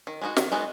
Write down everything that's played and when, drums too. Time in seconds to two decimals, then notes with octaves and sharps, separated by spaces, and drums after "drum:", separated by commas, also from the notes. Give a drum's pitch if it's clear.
0.07 D#3
0.21 G#3 B3 D#4 F#4
0.37 D#3, drum: snare
0.52 G#3 B3 D#4 F#4